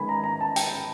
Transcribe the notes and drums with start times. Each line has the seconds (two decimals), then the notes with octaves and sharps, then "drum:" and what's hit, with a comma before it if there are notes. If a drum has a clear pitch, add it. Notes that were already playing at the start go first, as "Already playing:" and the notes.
Already playing: D#3 G#3 B3 G#5 B5
0.09 A#5
0.24 A#5
0.41 A5
0.56 G5, drum: hi-hat